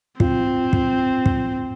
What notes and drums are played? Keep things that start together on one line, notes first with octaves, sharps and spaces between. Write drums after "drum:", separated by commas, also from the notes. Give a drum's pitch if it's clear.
C4 F4, drum: kick
drum: kick
drum: kick